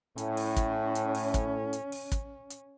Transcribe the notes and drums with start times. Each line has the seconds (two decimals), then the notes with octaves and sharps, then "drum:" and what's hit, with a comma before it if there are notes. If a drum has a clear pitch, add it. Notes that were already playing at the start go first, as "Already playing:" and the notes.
0.18 A2 C#4, drum: hi-hat
0.37 drum: open hi-hat
0.56 drum: kick, hi-hat
0.95 drum: hi-hat
1.15 drum: open hi-hat
1.34 drum: kick, hi-hat
1.73 drum: hi-hat
1.92 drum: open hi-hat
2.12 drum: kick, hi-hat
2.50 drum: hi-hat